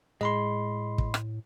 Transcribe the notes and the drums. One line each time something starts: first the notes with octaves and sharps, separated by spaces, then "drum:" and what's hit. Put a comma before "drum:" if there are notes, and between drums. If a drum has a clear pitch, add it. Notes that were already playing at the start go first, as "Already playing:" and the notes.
A2 G#3 D#5 B5 C6
drum: kick
drum: rim click